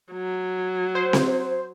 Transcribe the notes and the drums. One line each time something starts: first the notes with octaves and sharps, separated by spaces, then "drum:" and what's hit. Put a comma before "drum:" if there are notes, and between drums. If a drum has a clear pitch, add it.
F#3
C5
drum: snare C4